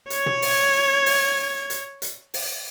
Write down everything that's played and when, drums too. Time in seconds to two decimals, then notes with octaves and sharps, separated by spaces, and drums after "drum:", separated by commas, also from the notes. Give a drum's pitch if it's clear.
0.10 C#5 G#6, drum: hi-hat
0.26 drum: tom
0.42 drum: open hi-hat
1.06 drum: open hi-hat
1.70 drum: hi-hat
2.02 drum: hi-hat
2.34 drum: open hi-hat